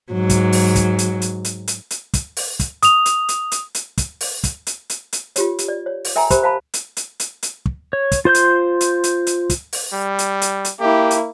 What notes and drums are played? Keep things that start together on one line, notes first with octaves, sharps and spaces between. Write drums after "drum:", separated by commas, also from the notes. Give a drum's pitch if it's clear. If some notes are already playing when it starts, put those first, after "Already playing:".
G#2 F#3
drum: kick, hi-hat
drum: open hi-hat
drum: kick, hi-hat
drum: hi-hat
drum: hi-hat
drum: hi-hat
drum: hi-hat
drum: hi-hat
drum: kick, hi-hat
drum: open hi-hat
drum: kick, hi-hat
D#6 F7, drum: hi-hat
drum: hi-hat
drum: hi-hat
drum: hi-hat
drum: hi-hat
drum: kick, hi-hat
drum: open hi-hat
drum: kick, hi-hat
drum: hi-hat
drum: hi-hat
drum: hi-hat
F4 G4 C#5, drum: hi-hat
drum: hi-hat
D5
C#5
drum: open hi-hat
A#4 E5 G5 G#5 A#5
G4 A#4 C5 B5, drum: kick, hi-hat
C5 F5 A5 B5
drum: hi-hat
drum: hi-hat
drum: hi-hat
drum: hi-hat
drum: kick
C#5
drum: kick, hi-hat
F4 C5 C6 G6
drum: hi-hat
drum: hi-hat
drum: hi-hat
drum: hi-hat
drum: kick, hi-hat
drum: open hi-hat
G3
drum: hi-hat
drum: hi-hat
drum: hi-hat
A#3 E4 G4
drum: hi-hat